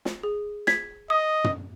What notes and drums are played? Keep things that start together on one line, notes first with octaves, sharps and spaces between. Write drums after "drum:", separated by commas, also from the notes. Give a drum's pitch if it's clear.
drum: snare
G#4
G#6 B6, drum: snare
D#5 D#6
drum: tom